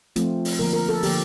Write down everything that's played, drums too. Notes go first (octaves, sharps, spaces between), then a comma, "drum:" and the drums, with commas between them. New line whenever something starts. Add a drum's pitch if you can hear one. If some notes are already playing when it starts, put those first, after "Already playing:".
F3 A3 C4 F4, drum: hi-hat
drum: open hi-hat
D3 F3 A#3 A#4
A#4
A4
D3 F3 A#3 G4, drum: open hi-hat